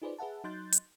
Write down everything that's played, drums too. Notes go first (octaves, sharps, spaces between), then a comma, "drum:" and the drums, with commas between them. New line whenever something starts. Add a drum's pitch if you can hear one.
D#4 F4 G#4 B4 C5 D5
G#4 B4 E5 F#5 A5
F#3 D#4 C6 F#6 G6 A6
drum: hi-hat